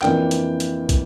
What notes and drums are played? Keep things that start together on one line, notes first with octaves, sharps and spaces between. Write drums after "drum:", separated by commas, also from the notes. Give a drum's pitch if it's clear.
F2 E3 A#3 D4 G5, drum: clap
drum: hi-hat
drum: hi-hat
drum: kick, hi-hat